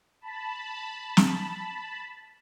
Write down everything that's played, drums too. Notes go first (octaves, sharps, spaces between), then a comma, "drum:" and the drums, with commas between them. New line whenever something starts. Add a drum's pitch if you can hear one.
A5 B5
drum: snare